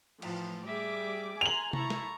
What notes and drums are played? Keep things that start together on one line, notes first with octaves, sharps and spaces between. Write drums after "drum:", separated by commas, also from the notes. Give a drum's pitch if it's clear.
A2 E3 F3, drum: cymbal
G3 G#4 E5 D6
G#5 A#5 C6 F7 F#7
E4 A5 A#5 C#6, drum: tom C3
drum: snare